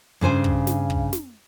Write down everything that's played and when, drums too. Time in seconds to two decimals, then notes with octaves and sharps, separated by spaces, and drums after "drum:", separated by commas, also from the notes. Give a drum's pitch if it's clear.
0.21 G2 C#3 C5 G#5
0.44 drum: kick
0.67 drum: snare
0.90 drum: kick
1.13 drum: snare